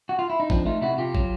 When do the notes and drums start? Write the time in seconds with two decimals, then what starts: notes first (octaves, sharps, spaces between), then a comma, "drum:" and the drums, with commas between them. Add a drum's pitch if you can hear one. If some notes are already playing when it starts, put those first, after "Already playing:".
0.09 F#4
0.19 F4
0.30 E4
0.40 D#4
0.50 F3 C4 D4, drum: kick
0.66 A3 D#4 F4
0.82 C3 E4 F#4
0.98 C3 F4 G4
1.15 F#3, drum: kick